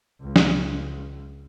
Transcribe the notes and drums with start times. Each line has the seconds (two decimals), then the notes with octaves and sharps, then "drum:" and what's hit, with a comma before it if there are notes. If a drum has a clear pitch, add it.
0.21 C#2
0.36 drum: snare